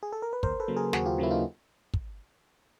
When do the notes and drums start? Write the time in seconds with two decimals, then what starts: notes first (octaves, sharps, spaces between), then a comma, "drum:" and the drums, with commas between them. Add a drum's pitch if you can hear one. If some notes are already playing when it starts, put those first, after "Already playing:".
0.03 G#4
0.13 A4
0.22 A#4
0.33 B4
0.43 D#2 A#4 C5, drum: kick
0.60 A4 B4
0.68 C#3 F#3 A#3
0.77 G#4 A#4
0.93 D#2 F#4 G#4, drum: snare
1.06 F4 G4
1.18 C#3 F#3 A#3 E4
1.31 D#4 F4
1.94 drum: kick